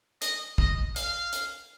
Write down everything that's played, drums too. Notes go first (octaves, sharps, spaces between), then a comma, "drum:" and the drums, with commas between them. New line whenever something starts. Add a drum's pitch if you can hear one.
D#5, drum: hi-hat
D#5, drum: kick
F5, drum: hi-hat
drum: hi-hat